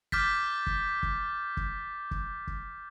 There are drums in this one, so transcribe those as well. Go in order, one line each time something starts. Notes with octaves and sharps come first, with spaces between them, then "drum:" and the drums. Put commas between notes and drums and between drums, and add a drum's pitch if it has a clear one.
D6 F6 G6 A6 B6, drum: kick
drum: kick
drum: kick
drum: kick
drum: kick
drum: kick